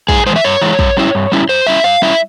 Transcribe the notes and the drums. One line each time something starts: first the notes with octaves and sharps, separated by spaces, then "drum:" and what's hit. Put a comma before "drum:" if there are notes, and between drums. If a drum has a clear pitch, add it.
G2 G#4, drum: kick
E3 G#3 C5
E5
G2 C#5
E3 G#3
G2, drum: kick
G3 C#4 E4
G2
G3 C#4 E4
G2 C5
G3 C#4 E4 E5
G2 F5, drum: rim click
G3 C#4 E4 E5